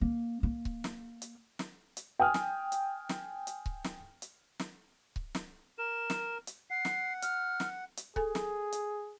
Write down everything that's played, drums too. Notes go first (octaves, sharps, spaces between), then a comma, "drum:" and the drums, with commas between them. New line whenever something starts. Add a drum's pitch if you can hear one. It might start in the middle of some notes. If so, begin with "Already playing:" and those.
A#3
A#3
drum: kick C#1
drum: snare
drum: hi-hat
drum: snare
drum: hi-hat
G5 G#5 D#6 F6
drum: snare
drum: hi-hat
drum: snare
drum: hi-hat
drum: kick C#1
drum: snare
drum: hi-hat
drum: snare
drum: kick C#1
drum: snare
A#4 E7
drum: snare
drum: hi-hat
F#5 C7
drum: snare
F6, drum: hi-hat
drum: snare
drum: hi-hat
G#4 A4 G#5, drum: kick C#1
drum: snare
drum: hi-hat